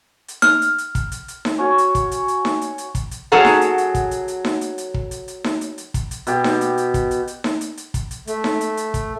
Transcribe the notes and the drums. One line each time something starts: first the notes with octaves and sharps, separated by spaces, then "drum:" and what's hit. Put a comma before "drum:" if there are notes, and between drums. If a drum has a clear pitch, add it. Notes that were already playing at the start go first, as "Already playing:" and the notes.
drum: hi-hat
F6, drum: snare D#4
drum: hi-hat
drum: hi-hat
drum: kick, hi-hat
drum: hi-hat
drum: hi-hat
drum: snare D#4
C#4 F#4 C#5
drum: hi-hat
drum: kick, hi-hat
drum: hi-hat
drum: hi-hat
drum: snare D#4
drum: hi-hat
drum: hi-hat
drum: kick, hi-hat
drum: hi-hat
F#3 C#4 G#4 A4 F#5 A#5
drum: snare D#4
drum: hi-hat
drum: hi-hat
drum: kick, hi-hat
drum: hi-hat
drum: hi-hat
drum: snare D#4
drum: hi-hat
drum: hi-hat
drum: kick
drum: hi-hat
drum: hi-hat
drum: snare D#4
drum: hi-hat
drum: hi-hat
drum: kick, hi-hat
drum: hi-hat
B2 G4, drum: hi-hat
drum: snare D#4
drum: hi-hat
drum: hi-hat
drum: kick, hi-hat
drum: hi-hat
drum: hi-hat
drum: snare D#4
drum: hi-hat
drum: hi-hat
drum: kick, hi-hat
drum: hi-hat
A3, drum: hi-hat
drum: snare D#4
drum: hi-hat
drum: hi-hat
drum: kick, hi-hat